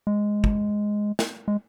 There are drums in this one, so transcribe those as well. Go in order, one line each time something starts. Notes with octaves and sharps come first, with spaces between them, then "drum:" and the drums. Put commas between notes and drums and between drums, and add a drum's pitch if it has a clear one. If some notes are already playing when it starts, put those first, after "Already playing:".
G#3
drum: kick
drum: snare
G#3